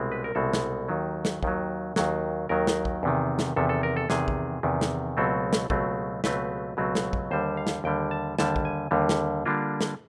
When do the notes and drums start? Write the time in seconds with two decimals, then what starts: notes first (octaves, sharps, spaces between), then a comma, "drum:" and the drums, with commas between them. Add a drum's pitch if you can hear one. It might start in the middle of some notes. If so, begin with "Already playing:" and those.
Already playing: C2 B2 G#3 C4
0.12 B4
0.24 A#4
0.35 C2 B2 G#3 C4 A4
0.53 drum: snare
0.88 D#2 D#3 F#3
1.25 drum: snare
1.43 D#2 D#3 F#3, drum: kick
1.96 D#2 D#3 F#3, drum: snare
2.49 D#2 D#3 F#3 A#4
2.67 drum: snare
2.85 drum: kick
3.03 E2 C3 D#3
3.39 drum: snare
3.56 E2 C3 D#3 A4
3.69 A4
3.83 A#4
3.97 A4
4.10 E2 C3 D#3 G#4, drum: snare
4.28 drum: kick
4.63 E2 C3 D#3
4.81 drum: snare
5.17 C#2 B2 F#3 A3 C4 A4
5.53 drum: snare
5.70 C#2 B2 F#3 A3 C4, drum: kick
6.24 C#2 B2 F#3 A3 C4 B4, drum: snare
6.77 C#2 B2 F#3 A3 C4
6.95 drum: snare
7.13 drum: kick
7.31 D#2 D3 G3 C5
7.57 F5
7.67 drum: snare
7.84 D#2 D3 G3 G5
8.11 A5
8.39 D#2 D3 G3 A5, drum: snare
8.56 drum: kick
8.65 G#5
8.91 D#2 D3 G3
9.09 drum: snare
9.45 D3 G3 A#3 D4 F4
9.81 drum: snare